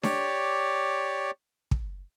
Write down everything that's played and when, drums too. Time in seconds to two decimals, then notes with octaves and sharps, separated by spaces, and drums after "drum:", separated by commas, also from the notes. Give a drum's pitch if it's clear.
0.03 G4 C#5 D5, drum: snare D4
1.71 drum: kick